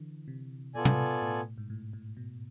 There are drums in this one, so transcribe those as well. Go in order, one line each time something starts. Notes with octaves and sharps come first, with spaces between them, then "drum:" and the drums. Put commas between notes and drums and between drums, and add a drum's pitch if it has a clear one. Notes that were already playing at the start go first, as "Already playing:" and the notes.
Already playing: D3 E3
C3
B2 B3 F4 A4 D5 G#5
drum: tom
A2
G#2
A2
A2
B2